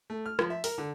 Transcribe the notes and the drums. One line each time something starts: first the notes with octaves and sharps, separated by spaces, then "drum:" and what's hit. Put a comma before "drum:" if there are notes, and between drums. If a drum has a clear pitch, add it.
A3
F6
F3, drum: rim click
E5
A#4, drum: open hi-hat
D3